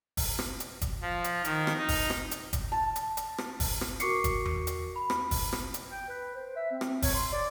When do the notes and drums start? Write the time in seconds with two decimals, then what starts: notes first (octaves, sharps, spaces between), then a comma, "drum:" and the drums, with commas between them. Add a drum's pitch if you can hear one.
0.17 drum: kick, open hi-hat
0.39 drum: rim click
0.60 drum: hi-hat
0.81 drum: kick, hi-hat
1.02 F3
1.24 drum: hi-hat
1.45 D#3, drum: hi-hat
1.67 drum: rim click
1.79 D#4
1.89 drum: kick, open hi-hat
2.10 drum: rim click
2.31 drum: hi-hat
2.53 drum: kick, hi-hat
2.72 A5
2.96 drum: hi-hat
3.17 drum: hi-hat
3.38 drum: rim click
3.60 drum: kick, open hi-hat
3.81 drum: rim click
4.00 F#4 A#4 C#6 D6 C7 C#7, drum: hi-hat
4.24 drum: kick, hi-hat
4.45 drum: tom E2
4.67 drum: hi-hat
4.96 B5
5.10 drum: rim click
5.31 drum: kick, open hi-hat
5.53 drum: rim click
5.74 drum: hi-hat
5.91 G5
6.08 B4
6.35 C5
6.56 E5
6.71 C4
6.81 drum: rim click
7.02 C#5, drum: kick, open hi-hat
7.14 C6
7.32 D5